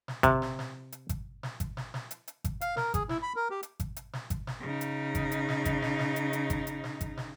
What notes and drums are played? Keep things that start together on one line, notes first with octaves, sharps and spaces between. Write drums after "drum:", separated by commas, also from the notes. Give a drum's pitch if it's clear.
drum: snare
C3, drum: kick G#1, hi-hat
drum: snare
drum: snare
drum: hi-hat
drum: kick G#1, hi-hat
drum: snare
drum: kick G#1, hi-hat
drum: snare
drum: snare
drum: hi-hat
drum: hi-hat
drum: kick G#1, hi-hat
F5, drum: hi-hat
A#4, drum: snare
G#4, drum: kick G#1, hi-hat
E4, drum: snare
B5
A#4
G4
drum: hi-hat
drum: kick G#1, hi-hat
drum: hi-hat
drum: snare
drum: kick G#1, hi-hat
drum: snare
C#3 D#4
drum: hi-hat
drum: kick G#1, hi-hat
drum: hi-hat
drum: snare
drum: kick G#1, hi-hat
drum: snare
drum: snare
drum: hi-hat
drum: hi-hat
drum: kick G#1, hi-hat
drum: hi-hat
drum: snare
drum: kick G#1, hi-hat
drum: snare